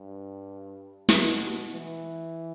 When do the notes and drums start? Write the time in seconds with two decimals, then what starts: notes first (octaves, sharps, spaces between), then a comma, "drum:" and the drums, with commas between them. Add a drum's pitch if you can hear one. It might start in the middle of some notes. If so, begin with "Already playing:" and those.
Already playing: G2
1.09 B2, drum: snare
1.73 E3